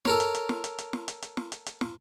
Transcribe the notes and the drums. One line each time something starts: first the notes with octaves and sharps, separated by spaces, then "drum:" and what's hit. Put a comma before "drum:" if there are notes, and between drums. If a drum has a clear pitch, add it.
A4 A#4 C#5, drum: snare
drum: hi-hat
drum: hi-hat
drum: snare
drum: hi-hat
drum: hi-hat
drum: snare
drum: hi-hat
drum: hi-hat
drum: snare
drum: hi-hat
drum: hi-hat
drum: snare